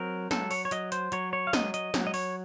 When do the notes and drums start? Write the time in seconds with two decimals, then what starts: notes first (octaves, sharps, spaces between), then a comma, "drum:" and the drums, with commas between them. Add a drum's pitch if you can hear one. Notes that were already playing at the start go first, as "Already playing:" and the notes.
Already playing: F#3 C4 A#4
0.31 F#3 A4, drum: snare
0.51 C#5, drum: open hi-hat
0.65 C#5
0.71 F#3 D#5, drum: hi-hat
0.92 C5, drum: hi-hat
1.12 F#3 C#5, drum: hi-hat
1.33 C#5
1.47 F5
1.53 F#3 D#5, drum: snare
1.74 D#5, drum: hi-hat
1.94 F#3, drum: snare
2.07 D#5
2.14 C#5, drum: open hi-hat